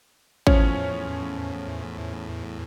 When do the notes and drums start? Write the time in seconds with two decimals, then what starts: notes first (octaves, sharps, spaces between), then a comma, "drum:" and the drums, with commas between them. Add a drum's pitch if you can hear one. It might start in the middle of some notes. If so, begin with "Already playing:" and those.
0.47 E2 A2 F3 C#4 C#5, drum: kick G#1